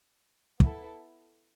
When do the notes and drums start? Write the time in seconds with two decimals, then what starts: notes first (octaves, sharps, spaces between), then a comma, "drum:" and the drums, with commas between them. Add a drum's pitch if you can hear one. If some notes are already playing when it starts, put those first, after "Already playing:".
0.60 B3 E4 A4, drum: kick